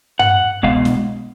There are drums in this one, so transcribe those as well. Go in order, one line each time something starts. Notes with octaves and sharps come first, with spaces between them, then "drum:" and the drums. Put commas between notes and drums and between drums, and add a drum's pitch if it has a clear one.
F#5, drum: tom G2
B2 G#3 F5, drum: kick C2
drum: snare